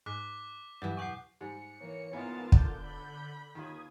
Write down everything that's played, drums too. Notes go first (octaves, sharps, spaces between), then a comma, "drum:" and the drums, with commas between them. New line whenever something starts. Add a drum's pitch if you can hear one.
G#2 D6 F#6 B6
G2 E3 F#3 G4
E2 B2 F#5 C#6 G6 C7
G#2 G3 C#7
E3 A#3 C#5
G#2 E3 A#3 B3 C#4 F4 A#4 A5
D3 D4 G6, drum: kick
B5
D#2 D#3 F4 D#6 G#6